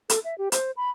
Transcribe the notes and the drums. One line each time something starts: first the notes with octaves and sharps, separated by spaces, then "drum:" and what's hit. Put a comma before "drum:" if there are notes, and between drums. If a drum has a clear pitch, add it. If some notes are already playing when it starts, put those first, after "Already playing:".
A4, drum: hi-hat
E5
G4
C5, drum: hi-hat
B5